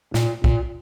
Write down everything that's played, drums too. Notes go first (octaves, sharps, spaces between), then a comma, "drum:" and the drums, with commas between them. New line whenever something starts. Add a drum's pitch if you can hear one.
A#2, drum: snare
A#2, drum: kick